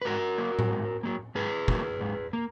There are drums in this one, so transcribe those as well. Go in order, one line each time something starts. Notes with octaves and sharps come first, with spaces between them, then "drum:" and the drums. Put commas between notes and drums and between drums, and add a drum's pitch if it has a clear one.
B4
G#2 F#4 A#4
F#3 A#3
drum: tom A2
G#2
F#3 A#3
G#2 G#4 B4
F#3 A#3, drum: kick
G#2
A#3